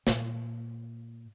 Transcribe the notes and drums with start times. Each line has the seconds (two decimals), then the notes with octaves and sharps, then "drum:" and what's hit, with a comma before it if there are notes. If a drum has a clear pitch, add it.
0.07 A#2, drum: snare